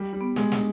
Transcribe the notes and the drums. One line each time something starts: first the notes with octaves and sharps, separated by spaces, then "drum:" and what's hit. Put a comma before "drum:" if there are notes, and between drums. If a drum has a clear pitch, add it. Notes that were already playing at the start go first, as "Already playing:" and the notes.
Already playing: G3
G3
B3
G#3, drum: snare
G#3 D4, drum: snare